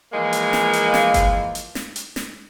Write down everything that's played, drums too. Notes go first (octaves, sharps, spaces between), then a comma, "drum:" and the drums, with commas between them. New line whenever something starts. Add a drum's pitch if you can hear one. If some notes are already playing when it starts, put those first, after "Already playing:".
E3 F3 G#3 A#3
drum: hi-hat
drum: snare
drum: hi-hat
drum: snare
drum: kick G1, hi-hat
drum: hi-hat
drum: snare
drum: hi-hat
drum: snare